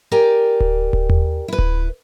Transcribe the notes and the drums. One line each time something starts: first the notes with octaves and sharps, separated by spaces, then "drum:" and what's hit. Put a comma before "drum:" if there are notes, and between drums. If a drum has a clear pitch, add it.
G4 A#4 D5 G5 G#5
drum: kick D1
drum: kick D1
drum: tom D#2
E4 B4
drum: kick D1